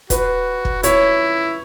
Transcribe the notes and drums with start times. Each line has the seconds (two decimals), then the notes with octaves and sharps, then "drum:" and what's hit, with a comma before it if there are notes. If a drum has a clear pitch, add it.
0.10 F#4 B4, drum: kick, hi-hat
0.65 drum: kick
0.83 E4 C#5, drum: hi-hat